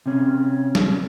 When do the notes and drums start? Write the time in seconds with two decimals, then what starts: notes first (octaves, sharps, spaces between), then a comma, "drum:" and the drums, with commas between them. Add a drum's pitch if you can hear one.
0.06 C3 C#4
0.75 drum: snare G3